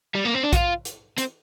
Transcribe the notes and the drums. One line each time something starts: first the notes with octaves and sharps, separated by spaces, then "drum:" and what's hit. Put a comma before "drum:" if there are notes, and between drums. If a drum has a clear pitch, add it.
G3
A#3
C4
D4
F4, drum: kick A#1, hi-hat
drum: hi-hat
C4, drum: hi-hat